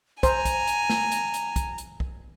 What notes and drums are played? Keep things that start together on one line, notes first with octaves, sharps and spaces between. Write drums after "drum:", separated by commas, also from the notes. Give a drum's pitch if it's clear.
C5 G#5 A#5, drum: kick, hi-hat
drum: kick, hi-hat
drum: hi-hat
drum: snare
drum: hi-hat
drum: hi-hat
drum: kick, hi-hat
drum: hi-hat
drum: kick